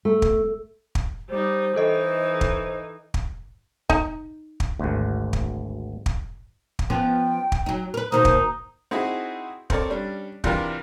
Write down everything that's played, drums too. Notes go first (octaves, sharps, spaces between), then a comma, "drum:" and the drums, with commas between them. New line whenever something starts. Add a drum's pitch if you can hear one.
A3
drum: kick
drum: kick
G3 D#4 C5
E3 D#4 A4 D#5
drum: kick
drum: kick
D#4 A#5, drum: kick
drum: kick
G#1 D2
drum: kick
drum: kick
drum: kick
F3 B3 C#4 G5
drum: kick
F#3 D#4
A#4 B4
B2 D#3 A#3 D#4 C5
drum: kick
C4 D#4 E4 F#4 G#4
C4 A4 A#4 C#5 D5, drum: kick
G3 C#4 D4
C3 E3 D4 F4 G4 A#4, drum: kick